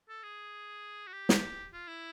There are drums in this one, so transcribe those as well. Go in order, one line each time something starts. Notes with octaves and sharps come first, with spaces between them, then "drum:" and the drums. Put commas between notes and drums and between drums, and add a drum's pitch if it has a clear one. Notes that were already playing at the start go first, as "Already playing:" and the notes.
A4
G#4
F#4
G4
drum: snare
F4
E4